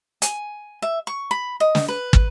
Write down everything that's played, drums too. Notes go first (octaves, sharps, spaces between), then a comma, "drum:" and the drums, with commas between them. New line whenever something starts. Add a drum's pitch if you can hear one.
G#5, drum: hi-hat
E5
C#6
B5
D#5
drum: snare
B4
drum: kick